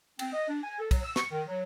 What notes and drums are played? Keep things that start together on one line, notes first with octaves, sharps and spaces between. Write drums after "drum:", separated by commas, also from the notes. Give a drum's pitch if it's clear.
C4, drum: cymbal
D#5
D4
G#5
A4
F#3, drum: kick, cymbal
E6
C#6, drum: snare
D#3
F#3